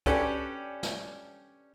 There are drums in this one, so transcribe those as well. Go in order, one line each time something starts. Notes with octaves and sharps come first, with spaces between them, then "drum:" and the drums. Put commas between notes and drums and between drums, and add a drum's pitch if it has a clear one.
C#4 D4 G4 A4 B4 C#5, drum: kick C2, hi-hat
drum: snare